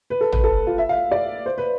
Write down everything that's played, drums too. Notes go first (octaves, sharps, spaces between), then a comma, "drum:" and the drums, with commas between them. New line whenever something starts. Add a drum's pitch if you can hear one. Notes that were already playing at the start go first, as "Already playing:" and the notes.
B4
A4
B4, drum: tom
A4
F4
E5
F5
D5
C5
B4